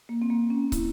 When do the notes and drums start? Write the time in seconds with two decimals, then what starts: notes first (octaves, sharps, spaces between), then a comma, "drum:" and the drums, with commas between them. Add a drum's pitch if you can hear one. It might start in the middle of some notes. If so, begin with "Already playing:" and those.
0.09 A#3
0.22 C4
0.30 A#3
0.50 C#4
0.72 E4, drum: kick, hi-hat